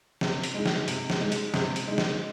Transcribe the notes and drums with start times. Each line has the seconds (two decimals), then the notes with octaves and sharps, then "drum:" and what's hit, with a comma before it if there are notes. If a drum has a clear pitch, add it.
0.21 C3, drum: snare
0.44 drum: hi-hat
0.54 G#3 D#4
0.66 drum: snare
0.88 C3, drum: hi-hat
1.10 drum: snare
1.21 G#3 D#4
1.32 drum: hi-hat
1.54 C3, drum: snare
1.76 drum: hi-hat
1.87 G#3 D#4
1.98 drum: snare